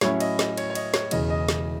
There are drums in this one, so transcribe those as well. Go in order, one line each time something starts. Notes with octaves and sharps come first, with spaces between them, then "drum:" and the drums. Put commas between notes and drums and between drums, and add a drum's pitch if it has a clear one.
A2 F#3 C#4 E4 C#5, drum: snare
D#5, drum: cymbal
D#5, drum: snare
C#5, drum: cymbal
C#5
D#5, drum: cymbal
C#5, drum: snare
E1 E2 C#3 D#5, drum: cymbal
D#5
drum: snare